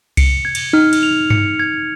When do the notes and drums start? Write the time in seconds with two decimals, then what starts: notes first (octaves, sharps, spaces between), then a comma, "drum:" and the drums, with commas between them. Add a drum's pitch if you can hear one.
0.17 C#7, drum: kick C2, cymbal
0.45 G#6
0.55 drum: cymbal
0.73 D#4 F6
0.93 drum: cymbal
1.03 F7
1.30 C#7, drum: tom G2
1.60 G#6